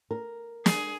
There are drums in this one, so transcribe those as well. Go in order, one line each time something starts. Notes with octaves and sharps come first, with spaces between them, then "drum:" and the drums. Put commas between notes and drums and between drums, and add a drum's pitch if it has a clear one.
A#4
G#4, drum: snare